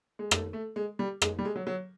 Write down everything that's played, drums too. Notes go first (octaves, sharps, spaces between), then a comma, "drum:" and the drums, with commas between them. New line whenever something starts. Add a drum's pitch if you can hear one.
G#3
A3, drum: rim click
A3
G#3
G3
G#3, drum: rim click
G3
G#3
F#3
F#3